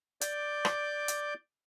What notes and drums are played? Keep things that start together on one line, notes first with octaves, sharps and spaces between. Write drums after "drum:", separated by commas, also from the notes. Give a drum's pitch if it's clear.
D5 D6 G6, drum: hi-hat
drum: rim click
drum: hi-hat